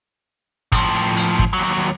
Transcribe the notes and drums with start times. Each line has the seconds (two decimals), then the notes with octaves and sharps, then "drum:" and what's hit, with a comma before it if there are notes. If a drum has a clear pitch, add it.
0.72 A2 F3, drum: kick, hi-hat
1.17 drum: hi-hat
1.39 drum: kick
1.53 D#2 F#3